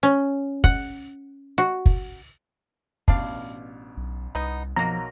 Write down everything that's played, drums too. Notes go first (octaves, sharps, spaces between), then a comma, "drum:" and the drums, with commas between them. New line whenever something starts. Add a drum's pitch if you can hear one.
C#4
F#5, drum: kick
F#4
drum: kick
A1 B2 D4 F5, drum: kick
B1
C2 B3 D#4
B1 F3 F#3 A#3 A#5